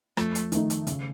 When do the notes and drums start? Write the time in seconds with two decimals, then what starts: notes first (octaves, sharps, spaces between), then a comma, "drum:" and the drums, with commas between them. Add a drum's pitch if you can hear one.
0.17 F2 A3, drum: rim click
0.35 drum: hi-hat
0.52 D#3 A3 D#4, drum: hi-hat
0.70 drum: hi-hat
0.87 C#3, drum: hi-hat